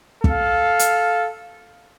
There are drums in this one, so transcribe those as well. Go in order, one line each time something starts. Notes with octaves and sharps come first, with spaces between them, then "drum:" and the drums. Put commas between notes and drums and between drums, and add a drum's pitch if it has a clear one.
A4 F5, drum: kick
drum: hi-hat